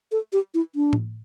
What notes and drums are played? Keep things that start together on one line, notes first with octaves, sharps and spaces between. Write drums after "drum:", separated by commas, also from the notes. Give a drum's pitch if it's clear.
A4
G4
E4
D4
drum: tom A2